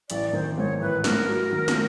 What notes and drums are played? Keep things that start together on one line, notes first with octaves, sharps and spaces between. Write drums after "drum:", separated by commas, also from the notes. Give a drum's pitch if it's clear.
A1 D5, drum: hi-hat
D#3 C5
G#2 C#5
A1 B4
G#2 A#4, drum: snare
F#3
D#3
drum: snare